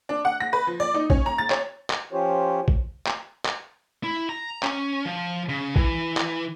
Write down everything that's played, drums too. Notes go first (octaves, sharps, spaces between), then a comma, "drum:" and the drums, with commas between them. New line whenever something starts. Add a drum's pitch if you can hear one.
D4
F#5
A#6
B4
F3
D5
D#4
C#4, drum: kick A1
A#5
A6
C#5, drum: clap
drum: clap
F3 C#4 F4 G4 C5 C#5
drum: kick A1
drum: clap
drum: clap
E4
A#5
C#4, drum: clap
F3
C#3
E3, drum: kick A1
drum: clap